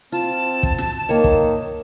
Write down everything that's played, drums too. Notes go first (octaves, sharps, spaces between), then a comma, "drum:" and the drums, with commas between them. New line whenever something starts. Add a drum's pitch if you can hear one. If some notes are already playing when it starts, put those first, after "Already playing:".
C4 F4 A5
drum: kick
drum: snare
D#3 A#3 C#5 D#5
drum: kick